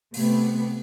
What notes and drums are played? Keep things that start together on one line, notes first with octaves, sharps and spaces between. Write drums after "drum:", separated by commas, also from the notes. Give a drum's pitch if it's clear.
C3 A3 B3, drum: open hi-hat